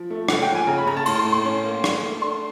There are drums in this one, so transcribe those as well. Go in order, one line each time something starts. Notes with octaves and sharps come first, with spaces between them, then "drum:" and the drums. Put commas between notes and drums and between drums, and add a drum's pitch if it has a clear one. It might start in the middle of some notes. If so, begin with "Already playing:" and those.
Already playing: F3
A3
C#3 F#5, drum: rim click
G5
F3
G#5
C#3 A#5
B5
C#3 A#5
A5
A2 C6, drum: cymbal
C6
A2
C6
C#4
A#3
D4, drum: rim click
A3
D4 C6